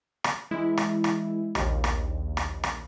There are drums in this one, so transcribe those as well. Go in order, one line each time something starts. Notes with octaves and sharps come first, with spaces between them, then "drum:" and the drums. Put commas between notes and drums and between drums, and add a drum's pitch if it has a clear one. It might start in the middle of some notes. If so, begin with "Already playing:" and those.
drum: rim click
E3 G#3 E4
drum: rim click
drum: rim click
A#1 D#2, drum: rim click
drum: rim click
drum: rim click
drum: rim click